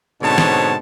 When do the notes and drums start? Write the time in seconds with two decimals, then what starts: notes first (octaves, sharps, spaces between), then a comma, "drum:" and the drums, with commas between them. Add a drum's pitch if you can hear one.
0.22 G#2 B2 D3 C4 C#5 A5
0.38 drum: snare